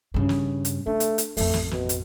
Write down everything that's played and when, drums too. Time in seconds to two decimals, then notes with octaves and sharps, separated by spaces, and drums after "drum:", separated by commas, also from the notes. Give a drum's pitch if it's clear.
0.14 G2 C#3
0.29 drum: snare
0.65 drum: hi-hat
0.86 A3 D4
1.00 drum: hi-hat
1.18 drum: hi-hat
1.37 A1 F2 A3, drum: open hi-hat
1.54 drum: snare
1.71 B2, drum: snare
1.89 drum: hi-hat